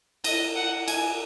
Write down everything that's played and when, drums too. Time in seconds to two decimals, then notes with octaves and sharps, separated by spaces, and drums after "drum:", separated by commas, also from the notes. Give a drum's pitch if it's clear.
0.24 D#5, drum: cymbal
0.56 F#5
0.88 G#5, drum: cymbal